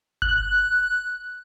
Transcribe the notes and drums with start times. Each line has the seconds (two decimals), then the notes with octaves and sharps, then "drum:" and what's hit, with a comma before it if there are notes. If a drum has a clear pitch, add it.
0.22 F#6, drum: kick G1